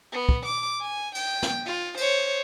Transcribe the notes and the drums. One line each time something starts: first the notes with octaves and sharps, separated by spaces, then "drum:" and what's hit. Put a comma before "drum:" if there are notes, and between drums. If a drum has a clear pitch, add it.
B3
drum: kick
D6
G#5
G5, drum: cymbal
drum: snare
F4
C5 C#5, drum: cymbal